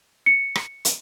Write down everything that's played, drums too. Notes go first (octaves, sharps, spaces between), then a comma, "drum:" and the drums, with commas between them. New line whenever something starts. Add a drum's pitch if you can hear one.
C#7
drum: rim click
drum: hi-hat